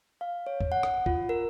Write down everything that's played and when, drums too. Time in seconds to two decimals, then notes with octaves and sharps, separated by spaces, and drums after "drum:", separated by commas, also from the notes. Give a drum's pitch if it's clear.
0.21 F5
0.47 C#5
0.61 drum: kick
0.72 F#5
0.83 drum: rim click
1.06 F4, drum: kick
1.29 A#4